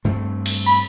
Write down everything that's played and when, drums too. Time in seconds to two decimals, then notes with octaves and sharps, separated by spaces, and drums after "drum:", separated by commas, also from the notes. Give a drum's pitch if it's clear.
0.04 G2 A3 C4
0.46 drum: cymbal
0.66 B5